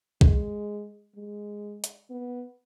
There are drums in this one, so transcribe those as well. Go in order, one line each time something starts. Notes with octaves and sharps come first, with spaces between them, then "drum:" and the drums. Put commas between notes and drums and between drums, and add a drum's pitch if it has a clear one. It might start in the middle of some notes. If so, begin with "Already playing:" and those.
G#3, drum: kick
G#3
drum: hi-hat
B3